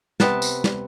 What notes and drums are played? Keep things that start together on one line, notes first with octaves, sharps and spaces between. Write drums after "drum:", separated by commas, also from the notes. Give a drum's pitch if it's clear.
C3 B3 A5, drum: snare
drum: tambourine
drum: snare